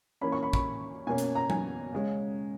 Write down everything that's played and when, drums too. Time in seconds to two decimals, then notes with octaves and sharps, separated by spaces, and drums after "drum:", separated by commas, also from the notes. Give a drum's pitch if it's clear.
0.21 E3 A#3 C#4 B5
0.32 C#6
0.43 B5
0.53 B5, drum: kick
1.07 B2 A#3 C#4 G#5
1.18 drum: hi-hat
1.35 A#5
1.50 G#5, drum: tom F#3
1.92 C#3 G#3 C#4